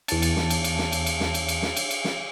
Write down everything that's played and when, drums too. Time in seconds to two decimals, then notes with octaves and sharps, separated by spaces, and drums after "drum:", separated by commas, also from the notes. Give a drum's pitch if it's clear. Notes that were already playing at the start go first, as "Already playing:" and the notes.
0.08 E2 A5, drum: cymbal
0.22 drum: cymbal
0.36 drum: snare
0.50 drum: cymbal
0.64 drum: cymbal
0.78 drum: snare
0.92 drum: cymbal
1.06 drum: cymbal
1.20 drum: snare
1.34 drum: cymbal
1.48 drum: cymbal
1.62 drum: snare
1.77 drum: cymbal
1.91 drum: cymbal
2.05 drum: snare